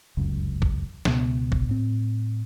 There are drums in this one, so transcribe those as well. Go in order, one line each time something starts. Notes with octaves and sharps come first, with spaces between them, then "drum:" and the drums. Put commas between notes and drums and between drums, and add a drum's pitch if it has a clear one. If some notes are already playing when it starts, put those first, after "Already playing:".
F1 C#2 F#2
drum: kick
C#2 B2 B3, drum: snare
drum: kick
A2 C4